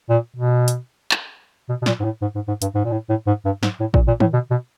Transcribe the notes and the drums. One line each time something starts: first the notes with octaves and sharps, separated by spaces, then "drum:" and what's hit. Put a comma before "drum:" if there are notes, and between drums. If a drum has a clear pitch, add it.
A#2
B2
drum: hi-hat
drum: clap
B2
B2
A#2, drum: snare
G#2
A2
G#2
G#2
G#2
G2, drum: hi-hat
G#2
A#2
A2
A2
G#2
G2
G#2, drum: snare
A2
A#2, drum: kick A1
A#2
A2, drum: tom
B2
B2